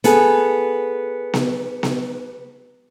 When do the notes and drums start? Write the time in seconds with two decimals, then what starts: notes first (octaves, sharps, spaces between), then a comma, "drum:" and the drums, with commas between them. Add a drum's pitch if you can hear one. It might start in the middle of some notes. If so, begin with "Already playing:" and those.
0.04 B3 G#4 A4, drum: hi-hat
1.34 drum: snare B3
1.83 drum: snare B3